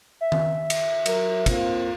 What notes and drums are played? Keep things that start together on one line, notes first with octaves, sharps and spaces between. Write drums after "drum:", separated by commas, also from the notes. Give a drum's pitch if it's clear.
E5
drum: tom D#3
drum: cymbal
F#3 A#4, drum: cymbal
A#3 C4 F4, drum: kick, cymbal